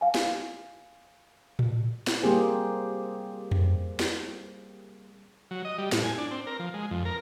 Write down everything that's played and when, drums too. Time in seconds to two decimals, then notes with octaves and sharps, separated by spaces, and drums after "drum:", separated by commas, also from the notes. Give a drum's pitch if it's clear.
0.01 F5 G#5
0.15 drum: snare
1.59 drum: tom A2
2.07 drum: snare
2.23 G3 A#3 C4 G4 G#4 C5
3.51 drum: tom F2
4.00 drum: snare
5.51 F#3
5.65 D#5
5.78 G3
5.92 A2, drum: snare
6.03 G#5
6.18 D4
6.31 C4
6.47 A#4
6.59 F3
6.74 G#3
6.91 F2
7.05 A#4